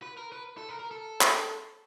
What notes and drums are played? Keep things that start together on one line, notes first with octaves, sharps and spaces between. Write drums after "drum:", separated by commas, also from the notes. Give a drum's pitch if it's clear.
B4
A#4
B4
A4
A#4
A#4
A4
drum: clap